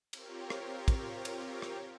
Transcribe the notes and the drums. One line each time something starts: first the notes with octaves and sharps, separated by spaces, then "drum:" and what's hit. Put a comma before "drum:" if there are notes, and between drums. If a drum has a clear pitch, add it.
C4 F4 G4 A#4 C#5, drum: cymbal
drum: rim click
drum: kick, cymbal
drum: cymbal
drum: rim click